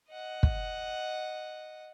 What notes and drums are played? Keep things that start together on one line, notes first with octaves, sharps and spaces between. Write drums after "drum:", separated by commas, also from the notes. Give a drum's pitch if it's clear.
D#5 F#5
drum: kick